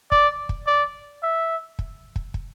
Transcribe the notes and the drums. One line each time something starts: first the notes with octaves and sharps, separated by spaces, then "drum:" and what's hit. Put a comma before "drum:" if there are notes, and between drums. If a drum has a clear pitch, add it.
D5, drum: kick
drum: kick
D5
E5
drum: kick
drum: kick
drum: kick